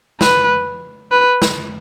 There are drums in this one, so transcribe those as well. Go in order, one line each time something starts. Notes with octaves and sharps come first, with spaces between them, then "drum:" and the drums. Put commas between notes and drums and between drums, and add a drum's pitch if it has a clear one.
B4, drum: snare
B4
drum: snare